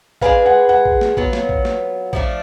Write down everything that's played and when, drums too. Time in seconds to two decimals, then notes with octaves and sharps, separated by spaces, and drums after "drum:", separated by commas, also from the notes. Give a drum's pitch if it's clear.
0.22 G#3 D4 G#4 B4 F5, drum: kick
0.46 F#5
0.69 F#5
0.85 drum: kick
1.01 drum: snare
1.17 F#3 B3 F4, drum: kick
1.33 drum: snare
1.49 drum: kick
1.65 drum: snare
2.13 F3 A3 D4, drum: kick